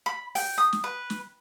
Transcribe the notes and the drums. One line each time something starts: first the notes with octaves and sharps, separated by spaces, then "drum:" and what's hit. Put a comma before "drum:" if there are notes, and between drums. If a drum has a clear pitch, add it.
B5
G5, drum: open hi-hat
D#6
drum: snare
B4
drum: snare